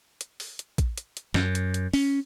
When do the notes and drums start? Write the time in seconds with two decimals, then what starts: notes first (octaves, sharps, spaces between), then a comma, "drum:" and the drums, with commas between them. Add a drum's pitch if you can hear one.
0.21 drum: hi-hat
0.40 drum: open hi-hat
0.59 drum: hi-hat
0.78 drum: kick, hi-hat
0.98 drum: hi-hat
1.17 drum: hi-hat
1.34 F#2, drum: snare
1.55 drum: hi-hat
1.74 drum: hi-hat
1.93 C#4, drum: open hi-hat